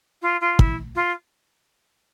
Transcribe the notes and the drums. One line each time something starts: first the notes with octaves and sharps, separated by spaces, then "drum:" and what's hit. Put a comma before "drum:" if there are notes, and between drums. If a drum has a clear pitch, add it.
F4
F4
E4, drum: kick
F4